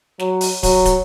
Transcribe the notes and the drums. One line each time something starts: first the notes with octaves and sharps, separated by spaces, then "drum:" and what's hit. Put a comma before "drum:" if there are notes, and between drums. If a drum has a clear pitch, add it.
F#3, drum: snare
drum: open hi-hat
F#3, drum: kick, open hi-hat
drum: kick, hi-hat